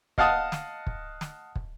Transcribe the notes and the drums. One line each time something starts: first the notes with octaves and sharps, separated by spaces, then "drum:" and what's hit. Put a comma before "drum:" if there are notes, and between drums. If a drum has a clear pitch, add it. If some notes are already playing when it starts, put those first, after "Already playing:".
D#5 F5 F#5 A5 D#6, drum: kick
drum: snare
drum: kick
drum: snare
drum: kick